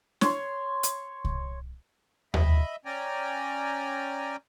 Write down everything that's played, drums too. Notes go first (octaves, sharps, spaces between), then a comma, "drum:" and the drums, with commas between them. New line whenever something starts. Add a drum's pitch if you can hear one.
C#5 C6, drum: snare
drum: hi-hat
drum: kick C2
D#5 E5 B5, drum: tom D#2
C#4 D5 G5 G#5 A#5